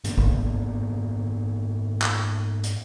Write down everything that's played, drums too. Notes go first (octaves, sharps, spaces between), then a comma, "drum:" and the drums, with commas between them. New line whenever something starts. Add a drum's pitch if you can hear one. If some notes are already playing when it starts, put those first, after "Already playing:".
G#2 A#3 B3 D4, drum: hi-hat
drum: kick G#1
drum: clap
drum: hi-hat